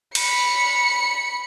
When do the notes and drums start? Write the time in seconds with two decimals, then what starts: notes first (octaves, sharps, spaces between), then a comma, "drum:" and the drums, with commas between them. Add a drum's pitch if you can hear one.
0.15 B5 C#7, drum: cymbal